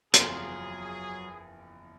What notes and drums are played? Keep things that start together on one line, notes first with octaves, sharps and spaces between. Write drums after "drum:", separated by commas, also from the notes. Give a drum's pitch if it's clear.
F#1 E2 F3 F#3 F4 G#4 C6, drum: hi-hat